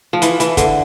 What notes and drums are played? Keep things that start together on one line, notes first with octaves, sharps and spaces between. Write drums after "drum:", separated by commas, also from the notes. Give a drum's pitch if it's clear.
F3
E3, drum: hi-hat
E3, drum: hi-hat
D3, drum: kick, hi-hat